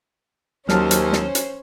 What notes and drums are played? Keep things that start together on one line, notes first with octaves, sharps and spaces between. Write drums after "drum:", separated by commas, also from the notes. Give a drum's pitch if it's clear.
D#2 F#3 C#4 C5 A5 F6, drum: snare
drum: hi-hat
drum: snare
drum: hi-hat